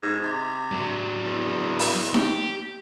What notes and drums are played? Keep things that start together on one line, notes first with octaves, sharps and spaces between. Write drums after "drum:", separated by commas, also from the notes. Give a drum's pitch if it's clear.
G#2
C3
F#3 D4
E2
drum: open hi-hat
G4, drum: snare D#4